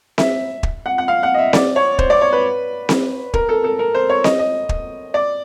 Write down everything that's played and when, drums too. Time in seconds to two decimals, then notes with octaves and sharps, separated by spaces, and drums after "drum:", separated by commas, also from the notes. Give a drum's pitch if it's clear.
0.18 E5, drum: snare C4
0.63 drum: kick
0.86 F#5
0.98 F#5
1.08 F5
1.23 F#5
1.34 D#5
1.38 E5
1.53 D5, drum: snare C4
1.76 C#5
1.99 C5, drum: kick
2.10 D5
2.21 C#5
2.33 B4
2.89 drum: snare C4
3.34 A#4, drum: kick
3.49 A4
3.64 A4
3.79 A#4
3.95 C5
4.10 C#5
4.24 D#5, drum: snare C4
4.39 D#5
4.69 drum: kick
5.14 D5